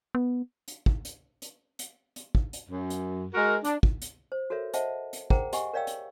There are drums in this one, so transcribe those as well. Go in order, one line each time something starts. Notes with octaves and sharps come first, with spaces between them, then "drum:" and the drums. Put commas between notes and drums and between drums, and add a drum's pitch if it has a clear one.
B3
drum: hi-hat
drum: kick
drum: hi-hat
drum: hi-hat
drum: hi-hat
drum: hi-hat
drum: kick
drum: hi-hat
F#2
drum: hi-hat
G#3 F#4 A#4
D4, drum: hi-hat
drum: kick
drum: hi-hat
C5
F#4 A4 A#4 C#5 E5
C5 D#5 E5 F#5 A5, drum: hi-hat
drum: hi-hat
G#4 A#4 C5 F#5 G5 A#5, drum: kick
G4 D#5 F#5 G#5 C#6, drum: hi-hat
A#4 C#5 D5 F5 G5 E6
drum: hi-hat